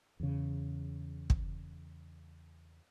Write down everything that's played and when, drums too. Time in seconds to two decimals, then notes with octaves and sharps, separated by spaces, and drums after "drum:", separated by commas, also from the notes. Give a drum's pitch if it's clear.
0.20 E2 C#3
1.30 drum: kick